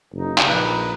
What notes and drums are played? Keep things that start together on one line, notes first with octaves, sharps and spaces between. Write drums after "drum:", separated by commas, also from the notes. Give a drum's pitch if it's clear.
F#1 D#4
drum: clap
A#1 B4